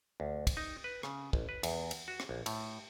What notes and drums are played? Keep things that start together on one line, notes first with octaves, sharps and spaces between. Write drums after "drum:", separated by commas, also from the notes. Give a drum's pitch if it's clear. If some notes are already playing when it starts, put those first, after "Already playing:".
D2
drum: kick, cymbal
D#4
B4
C#3, drum: rim click
A1, drum: kick
B4
E2, drum: cymbal
drum: cymbal
F#4
drum: rim click
A#1
A2, drum: cymbal